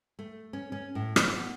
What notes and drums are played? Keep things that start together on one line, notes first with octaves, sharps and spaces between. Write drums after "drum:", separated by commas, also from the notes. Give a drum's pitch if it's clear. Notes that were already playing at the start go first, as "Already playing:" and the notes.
A3
C#4
C#4
A2
F4, drum: rim click
B3